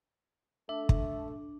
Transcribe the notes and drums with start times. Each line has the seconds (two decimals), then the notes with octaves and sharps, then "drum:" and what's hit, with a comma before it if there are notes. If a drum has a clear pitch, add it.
0.69 A3 D4 A4 E5
0.89 drum: kick